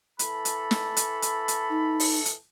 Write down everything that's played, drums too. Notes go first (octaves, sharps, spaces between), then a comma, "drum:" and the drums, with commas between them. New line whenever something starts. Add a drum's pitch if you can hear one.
E3 A4 B5, drum: hi-hat
drum: hi-hat
drum: snare
drum: hi-hat
drum: hi-hat
drum: hi-hat
D#4
drum: open hi-hat
drum: hi-hat